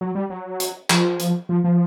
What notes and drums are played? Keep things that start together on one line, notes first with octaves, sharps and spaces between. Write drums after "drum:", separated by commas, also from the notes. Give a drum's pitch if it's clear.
F#3
G3
F#3
drum: hi-hat
F3, drum: clap
drum: hi-hat
F3
F3